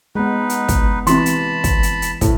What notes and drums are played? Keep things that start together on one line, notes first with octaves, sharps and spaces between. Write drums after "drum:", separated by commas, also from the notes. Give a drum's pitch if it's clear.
G#3 B3 D#4 B4
drum: hi-hat
drum: kick, hi-hat
C3 E3 A5 B5 C6, drum: hi-hat
drum: hi-hat
drum: kick, hi-hat
drum: hi-hat
drum: hi-hat
A2, drum: kick, hi-hat